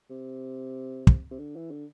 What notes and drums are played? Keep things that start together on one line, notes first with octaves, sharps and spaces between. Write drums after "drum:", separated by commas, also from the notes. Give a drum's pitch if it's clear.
C3
drum: kick
C3
D3
E3
D3